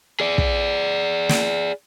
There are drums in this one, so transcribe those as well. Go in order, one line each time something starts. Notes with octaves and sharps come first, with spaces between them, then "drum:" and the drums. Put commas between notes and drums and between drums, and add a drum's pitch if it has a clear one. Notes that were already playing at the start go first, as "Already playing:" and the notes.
G#4 D5
drum: kick
drum: snare